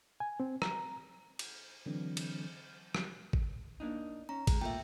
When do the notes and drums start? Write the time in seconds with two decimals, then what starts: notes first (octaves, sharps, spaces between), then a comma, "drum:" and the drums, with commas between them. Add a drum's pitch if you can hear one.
0.20 G#5
0.40 C4
0.62 A#5, drum: rim click
1.39 drum: cymbal
1.86 D3 E3 F#3 C4 D4
2.17 drum: cymbal
2.95 drum: rim click
3.33 drum: kick G#1
3.80 A#3 D4 D#4
4.29 C#4 A#5
4.47 G#3, drum: kick G#1, cymbal
4.61 A3 A#3 F4 E5 G5